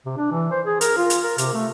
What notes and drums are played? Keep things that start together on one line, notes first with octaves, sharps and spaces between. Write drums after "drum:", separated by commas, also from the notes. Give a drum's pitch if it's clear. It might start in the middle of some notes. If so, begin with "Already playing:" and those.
C3
D4
E3
C5
G#4
A#4, drum: hi-hat
F4
drum: hi-hat
A#4
C3, drum: hi-hat
A3